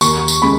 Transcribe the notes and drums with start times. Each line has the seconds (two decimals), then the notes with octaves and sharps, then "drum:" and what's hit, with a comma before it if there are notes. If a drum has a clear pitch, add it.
0.01 D#2 C#6, drum: tambourine
0.28 drum: tambourine
0.42 C#3 G#3 B5